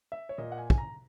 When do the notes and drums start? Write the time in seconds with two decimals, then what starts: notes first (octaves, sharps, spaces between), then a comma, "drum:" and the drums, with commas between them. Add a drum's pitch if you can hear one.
0.12 E5
0.29 C#5
0.38 A#2 D#5
0.52 F#5
0.58 G#5
0.70 G#5, drum: kick
0.78 A#5